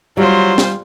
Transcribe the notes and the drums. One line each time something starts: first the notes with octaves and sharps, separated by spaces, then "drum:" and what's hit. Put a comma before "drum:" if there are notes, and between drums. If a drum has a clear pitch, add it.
F#3 G3 F4 C5
drum: snare